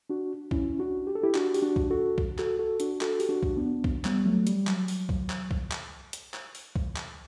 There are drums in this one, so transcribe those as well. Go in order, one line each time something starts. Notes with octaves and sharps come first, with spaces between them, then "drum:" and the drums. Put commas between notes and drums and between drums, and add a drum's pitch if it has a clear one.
D4 F#4
C#4 E4, drum: kick B1
D4 F#4
G4
A4
E4 G4
D4 F#4, drum: clap
G4, drum: open hi-hat
D4 F#4
drum: kick B1
F#4 A4
drum: kick B1
F#4 A4, drum: clap
F#4 A4
D4 F#4, drum: hi-hat
F#4 A4, drum: clap
G4, drum: open hi-hat
D4 F#4
drum: kick B1
B3 D4
drum: kick B1
G3 B3, drum: clap
F#3 A3
G3, drum: hi-hat
F#3, drum: clap
drum: open hi-hat
drum: kick B1
drum: clap
drum: kick B1
drum: clap
drum: hi-hat
drum: clap
drum: open hi-hat
drum: kick B1
drum: clap